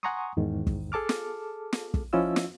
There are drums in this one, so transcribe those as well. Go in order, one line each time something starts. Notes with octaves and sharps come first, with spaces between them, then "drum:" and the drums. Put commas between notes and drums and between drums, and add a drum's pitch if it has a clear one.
F#5 G#5 A#5 C6 C#6 D#6
E2 G#2 D#3
drum: kick
G#4 A4 A5 D6 F6
drum: snare
drum: snare
drum: kick
F3 C#4 E4 F4 D#5 E6
drum: snare